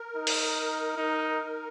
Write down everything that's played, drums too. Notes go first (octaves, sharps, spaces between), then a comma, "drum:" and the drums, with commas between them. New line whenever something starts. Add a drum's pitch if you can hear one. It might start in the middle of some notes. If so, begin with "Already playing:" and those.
Already playing: A#4
D#4
drum: open hi-hat
D#4